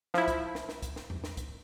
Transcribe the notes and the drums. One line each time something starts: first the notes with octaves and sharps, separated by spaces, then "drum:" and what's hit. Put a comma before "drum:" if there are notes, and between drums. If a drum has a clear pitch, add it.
F3 E4, drum: snare
drum: kick C2, hi-hat
drum: snare
drum: snare
drum: kick C2, hi-hat
drum: snare
drum: tom E2
drum: snare
drum: kick C2, hi-hat